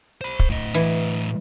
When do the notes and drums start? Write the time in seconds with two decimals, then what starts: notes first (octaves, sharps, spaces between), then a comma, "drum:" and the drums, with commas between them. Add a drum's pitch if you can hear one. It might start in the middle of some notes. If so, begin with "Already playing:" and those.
0.21 C5 B5
0.39 drum: kick
0.50 A2 D#5
0.74 E3